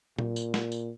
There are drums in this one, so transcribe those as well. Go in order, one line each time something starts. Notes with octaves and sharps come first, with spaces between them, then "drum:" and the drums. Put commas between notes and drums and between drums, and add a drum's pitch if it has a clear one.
A#2, drum: tom A#2
drum: tambourine
drum: snare
drum: tambourine